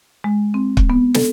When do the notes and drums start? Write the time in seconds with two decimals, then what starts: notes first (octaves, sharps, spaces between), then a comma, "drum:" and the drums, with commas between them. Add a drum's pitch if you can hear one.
0.24 G#3
0.54 C4
0.77 drum: kick
0.90 B3
1.14 A4, drum: snare